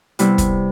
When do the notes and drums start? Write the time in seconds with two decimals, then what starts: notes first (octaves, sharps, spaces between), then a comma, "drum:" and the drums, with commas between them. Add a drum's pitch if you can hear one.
0.19 C3 G3 B3 E4, drum: hi-hat
0.38 drum: kick, hi-hat